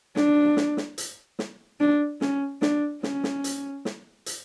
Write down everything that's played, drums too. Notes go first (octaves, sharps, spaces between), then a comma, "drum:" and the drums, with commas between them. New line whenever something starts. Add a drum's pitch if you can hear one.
D4, drum: snare
drum: snare
drum: snare
drum: hi-hat
drum: snare
D4
C#4, drum: snare
D4, drum: snare
C#4, drum: snare
drum: snare
drum: hi-hat
drum: snare
drum: hi-hat